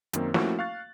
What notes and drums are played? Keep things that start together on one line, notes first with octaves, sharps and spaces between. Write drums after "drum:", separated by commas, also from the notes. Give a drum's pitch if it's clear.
F#2 D#3 A#3 C4, drum: hi-hat
F3 A3 A#3 C#4 E4 F#4, drum: snare
F5 C#6 F#6 A6